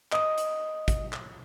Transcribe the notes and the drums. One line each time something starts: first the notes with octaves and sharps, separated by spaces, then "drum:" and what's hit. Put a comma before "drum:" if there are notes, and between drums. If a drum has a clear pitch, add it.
D#5 D#6, drum: clap
drum: hi-hat
drum: kick, hi-hat
drum: clap